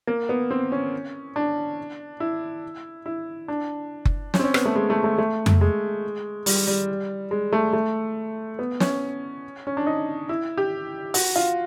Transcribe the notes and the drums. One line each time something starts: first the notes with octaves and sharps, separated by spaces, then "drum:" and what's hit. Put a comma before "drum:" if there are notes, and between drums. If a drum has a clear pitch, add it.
A#3
B3
C4
C#4
D4
E4
E4
D4
drum: kick F#1
C#4, drum: snare
C4
C#4
B3, drum: rim click
A3
G#3
A3
A3
A3
drum: tom F2
G#3
G3, drum: open hi-hat
G3
G#3
A3
A3
B3
C#4, drum: snare
C#4
D4
D#4
E4
G4
F#4, drum: open hi-hat
F4